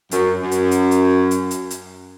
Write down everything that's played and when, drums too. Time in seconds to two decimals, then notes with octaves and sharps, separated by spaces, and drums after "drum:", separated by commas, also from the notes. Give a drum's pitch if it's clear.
0.11 F#2, drum: hi-hat
0.41 F#2
0.51 drum: hi-hat
0.71 drum: hi-hat
0.91 drum: hi-hat
1.31 drum: hi-hat
1.51 drum: hi-hat
1.71 drum: hi-hat